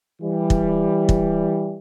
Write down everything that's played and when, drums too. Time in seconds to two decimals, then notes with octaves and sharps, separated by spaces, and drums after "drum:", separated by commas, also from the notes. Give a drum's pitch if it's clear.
0.21 E3 G3
0.50 drum: kick
1.09 drum: kick